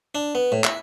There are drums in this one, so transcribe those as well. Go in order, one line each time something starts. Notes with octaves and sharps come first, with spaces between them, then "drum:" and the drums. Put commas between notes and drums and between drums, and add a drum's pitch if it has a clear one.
D4
B3
A2
E4, drum: clap